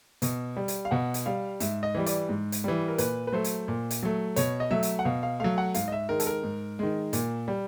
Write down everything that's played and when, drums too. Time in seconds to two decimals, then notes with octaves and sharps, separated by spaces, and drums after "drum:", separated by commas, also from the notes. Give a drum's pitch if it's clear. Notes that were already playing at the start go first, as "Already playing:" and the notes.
0.22 B2, drum: hi-hat
0.57 G3
0.68 drum: hi-hat
0.85 F5
0.91 B2 F#5
1.14 drum: hi-hat
1.26 G3 F5
1.60 G#2 E5, drum: hi-hat
1.83 D#5
1.95 E3 G3
2.06 D5, drum: hi-hat
2.29 G#2
2.52 drum: hi-hat
2.64 E3 G3
2.88 A#4
2.98 A#2 B4, drum: hi-hat
3.27 B4
3.32 F#3 A3 C5
3.44 drum: hi-hat
3.68 A#2
3.91 drum: hi-hat
4.03 F#3 A3
4.36 B2 C#5, drum: hi-hat
4.60 D#5
4.71 F#3 A3 E5
4.83 drum: hi-hat
4.99 F#5
5.05 B2 F5
5.23 F5
5.40 F#3 A3 F5
5.58 F#5
5.74 G#2 F5, drum: hi-hat
5.88 D#5
5.92 E5
6.09 D#3 G#3 A#4
6.20 A4, drum: hi-hat
6.27 A#4
6.43 G#2
6.79 D#3 G#3
7.13 A#2, drum: hi-hat
7.48 G3